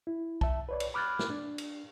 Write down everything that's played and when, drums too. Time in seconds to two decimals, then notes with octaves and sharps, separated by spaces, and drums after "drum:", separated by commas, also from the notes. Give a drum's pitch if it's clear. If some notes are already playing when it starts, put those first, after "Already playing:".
0.07 E4
0.41 E5 A5, drum: kick B1
0.69 B4 C#5 D5
0.80 drum: cymbal
0.94 B5 D6 F6 F#6 G#6 A6
1.19 drum: snare
1.30 D4
1.58 drum: cymbal